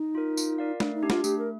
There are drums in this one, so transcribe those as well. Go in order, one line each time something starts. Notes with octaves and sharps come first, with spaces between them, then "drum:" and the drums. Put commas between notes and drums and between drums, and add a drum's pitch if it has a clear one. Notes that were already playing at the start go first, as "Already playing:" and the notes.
Already playing: D#4
F4 A#4
F4, drum: tambourine
A#4 D5 F5
A3 D4, drum: snare
D#4
D4 G4
F4, drum: snare
A3 G4, drum: tambourine
A#4